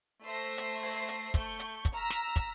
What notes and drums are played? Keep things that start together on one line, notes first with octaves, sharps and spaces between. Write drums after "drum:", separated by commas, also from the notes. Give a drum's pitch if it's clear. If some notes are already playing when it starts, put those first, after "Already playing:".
A3 C5 E5 A#6 C7
drum: hi-hat
drum: open hi-hat
drum: hi-hat
A3 C#6 G6, drum: kick, hi-hat
drum: hi-hat
drum: kick, hi-hat
A#5 E6 F6 A#6 B6
drum: snare
drum: kick, hi-hat